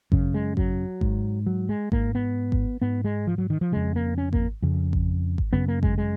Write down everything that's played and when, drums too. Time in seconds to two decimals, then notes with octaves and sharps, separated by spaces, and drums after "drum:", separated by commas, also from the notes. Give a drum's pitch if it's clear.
0.12 F#2 C#3, drum: kick G#1
0.34 G#3
0.57 F#3, drum: kick G#1
1.01 G#2, drum: kick G#1
1.46 F#3
1.69 G#3
1.92 G#2 A#3, drum: kick G#1
2.15 B3
2.52 drum: kick G#1
2.82 G#2 B3
3.05 G#3
3.27 F3
3.38 F#3
3.50 D#3
3.61 F3
3.72 F2 C#3 G#3
3.96 A#3
4.18 C#4
4.33 A#3, drum: kick G#1
4.62 F2 C#3
4.93 drum: kick G#1
5.38 drum: kick G#1
5.53 F#2 C#3 B3
5.68 A#3
5.83 G#3, drum: kick G#1
5.98 G#3